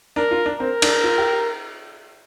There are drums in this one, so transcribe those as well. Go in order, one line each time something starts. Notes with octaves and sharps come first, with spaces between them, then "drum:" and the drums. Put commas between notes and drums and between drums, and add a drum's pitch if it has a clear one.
D4 A#4
F4
D4
C4 A#4
D4, drum: cymbal
F4
G4